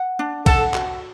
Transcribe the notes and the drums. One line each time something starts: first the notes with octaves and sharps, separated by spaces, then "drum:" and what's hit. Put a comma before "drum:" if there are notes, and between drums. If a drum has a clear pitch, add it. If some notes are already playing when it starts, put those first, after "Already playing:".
Already playing: F#5
D4
A4 F#5, drum: kick B1, cymbal
F#4, drum: clap